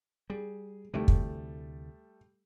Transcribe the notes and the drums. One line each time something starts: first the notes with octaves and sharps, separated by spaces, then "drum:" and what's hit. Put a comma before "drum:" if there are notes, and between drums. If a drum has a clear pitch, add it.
G3 G#4
D2 C3 E3 G3 A3
drum: kick